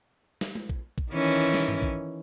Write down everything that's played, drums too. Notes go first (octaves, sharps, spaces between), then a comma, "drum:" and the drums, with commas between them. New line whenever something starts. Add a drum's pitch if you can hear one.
drum: snare
drum: tom
drum: kick A#1
drum: kick A#1
D#3 E3 C#4
drum: snare
drum: tom G2
drum: kick A#1